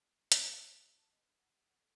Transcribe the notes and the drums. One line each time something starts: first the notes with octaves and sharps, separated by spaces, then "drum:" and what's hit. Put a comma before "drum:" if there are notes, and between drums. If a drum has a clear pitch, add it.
D4
D5, drum: hi-hat
G#5
E5
G4
A5
D#5
D4
F#5
G4
F#5
A4